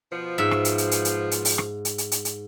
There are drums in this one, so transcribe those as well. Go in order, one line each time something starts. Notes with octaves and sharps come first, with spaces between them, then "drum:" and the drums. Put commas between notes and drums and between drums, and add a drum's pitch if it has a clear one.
B2 F3
G#2 E5
drum: rim click
drum: hi-hat
drum: hi-hat
drum: hi-hat
drum: hi-hat
drum: hi-hat
drum: open hi-hat
drum: rim click
drum: hi-hat
drum: hi-hat
drum: hi-hat
drum: hi-hat